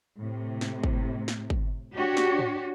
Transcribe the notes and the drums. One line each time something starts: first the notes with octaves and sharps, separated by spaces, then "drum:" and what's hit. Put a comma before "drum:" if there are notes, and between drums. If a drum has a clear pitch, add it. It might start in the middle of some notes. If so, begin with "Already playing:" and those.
A2 C3
drum: snare
drum: kick
drum: snare
drum: kick
D4 F#4 G4 C#5
drum: snare
drum: tom